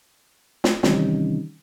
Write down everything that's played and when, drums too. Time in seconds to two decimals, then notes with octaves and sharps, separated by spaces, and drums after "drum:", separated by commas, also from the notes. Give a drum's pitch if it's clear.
0.64 drum: snare
0.83 C3 D#3 E3 G3 C#4 D#4, drum: snare